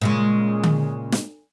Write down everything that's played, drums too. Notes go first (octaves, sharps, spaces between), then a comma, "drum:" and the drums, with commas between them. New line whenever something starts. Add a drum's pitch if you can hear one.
A#2 C#3 G#3
drum: tom D3
drum: snare